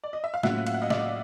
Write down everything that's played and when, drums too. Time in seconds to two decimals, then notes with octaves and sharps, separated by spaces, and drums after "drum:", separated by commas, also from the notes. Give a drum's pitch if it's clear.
0.04 D5
0.13 D#5
0.24 E5
0.34 F5
0.43 A2 F#3 A#3 C#4 F4 E5 F#5, drum: snare
0.67 F5, drum: cymbal
0.74 F#5
0.82 D#5 F5
0.90 D5 E5, drum: snare